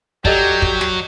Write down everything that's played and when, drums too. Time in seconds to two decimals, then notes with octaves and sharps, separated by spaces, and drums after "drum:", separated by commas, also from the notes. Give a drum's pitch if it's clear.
0.25 F#3 G4 A4 D5 D#5, drum: kick
0.62 drum: kick
0.81 drum: snare